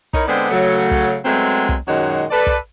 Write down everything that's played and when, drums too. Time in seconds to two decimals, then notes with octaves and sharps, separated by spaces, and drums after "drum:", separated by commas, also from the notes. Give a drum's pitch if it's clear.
0.13 D#4 E4 A#4 C#5 D#5, drum: kick
0.27 D3 G#3 B3 C4 D4
0.51 C#3 F#3 A3
0.91 drum: kick
1.25 F#3 G#3 A3 B3 C4
1.69 drum: kick
1.88 F#2 A#2 D#3 G#3 F#4 C#5
2.31 A4 B4 D5
2.47 drum: kick